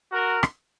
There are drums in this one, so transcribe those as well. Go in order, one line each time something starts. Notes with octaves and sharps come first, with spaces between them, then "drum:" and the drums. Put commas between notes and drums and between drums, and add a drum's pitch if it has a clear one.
F#4 A#4
drum: rim click